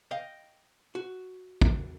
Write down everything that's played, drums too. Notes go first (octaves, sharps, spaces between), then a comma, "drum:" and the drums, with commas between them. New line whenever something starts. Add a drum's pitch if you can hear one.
D#5 F5 G5
F#4
drum: kick